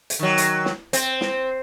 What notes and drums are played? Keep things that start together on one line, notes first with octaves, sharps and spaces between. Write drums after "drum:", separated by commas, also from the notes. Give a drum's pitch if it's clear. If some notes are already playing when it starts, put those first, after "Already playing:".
drum: hi-hat
D#3 F#3
drum: hi-hat
drum: snare
C4, drum: hi-hat
drum: snare